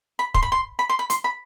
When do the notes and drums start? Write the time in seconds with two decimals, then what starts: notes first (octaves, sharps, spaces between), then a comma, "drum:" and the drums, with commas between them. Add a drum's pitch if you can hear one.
0.19 B5
0.34 C6, drum: kick
0.42 B5
0.52 C6
0.79 B5
0.89 C6
0.99 B5
1.10 C6, drum: hi-hat
1.24 B5